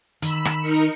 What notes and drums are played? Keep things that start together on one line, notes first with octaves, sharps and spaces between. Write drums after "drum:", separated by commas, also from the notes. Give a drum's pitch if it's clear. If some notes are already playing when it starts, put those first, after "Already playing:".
D#3 B5 E6, drum: hi-hat
drum: rim click
D#4 A#4 C#7